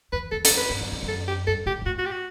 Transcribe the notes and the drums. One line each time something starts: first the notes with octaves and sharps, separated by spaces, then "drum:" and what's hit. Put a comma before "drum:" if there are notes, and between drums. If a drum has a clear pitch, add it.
E2 B4
E2 A4
A4, drum: hi-hat
F#2
B4
G2
F#2
E2
F#2
A4
G4
G2 A4
A2 G4
G2
A2 F#4
F#4
G4
F#4